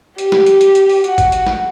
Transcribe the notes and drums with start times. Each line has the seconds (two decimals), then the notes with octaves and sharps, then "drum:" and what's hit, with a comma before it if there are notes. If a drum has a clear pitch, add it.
0.18 G4, drum: hi-hat
0.32 drum: snare
0.46 drum: hi-hat
0.61 drum: hi-hat
0.75 drum: hi-hat
0.89 drum: open hi-hat
1.04 F#4, drum: hi-hat
1.18 drum: kick G#1, hi-hat
1.32 drum: hi-hat
1.47 drum: snare